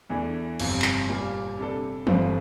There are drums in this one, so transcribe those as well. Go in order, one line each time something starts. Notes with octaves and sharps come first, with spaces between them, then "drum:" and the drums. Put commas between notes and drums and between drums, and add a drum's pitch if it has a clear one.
E2 E3 A3 D4
G1 F2 C3, drum: cymbal
drum: clap
A#2 G3 A#3
C3 G3 D4 A4
G1 G2 F3 A3 C4, drum: tom E3